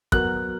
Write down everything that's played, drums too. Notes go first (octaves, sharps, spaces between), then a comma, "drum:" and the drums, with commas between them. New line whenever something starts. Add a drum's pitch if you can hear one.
F#3 B3 F#4 A#4 F#6, drum: kick